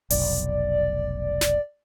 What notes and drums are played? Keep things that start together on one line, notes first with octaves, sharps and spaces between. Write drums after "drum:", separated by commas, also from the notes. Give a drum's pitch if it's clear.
F1 B1 D5, drum: open hi-hat
drum: snare